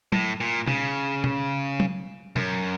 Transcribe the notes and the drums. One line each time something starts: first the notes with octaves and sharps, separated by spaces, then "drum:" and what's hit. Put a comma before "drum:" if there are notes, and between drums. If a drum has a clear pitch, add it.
A2, drum: tom F#3
A#2
C#3, drum: tom B2
drum: tom B2
drum: tom F#3
F#2, drum: tom B2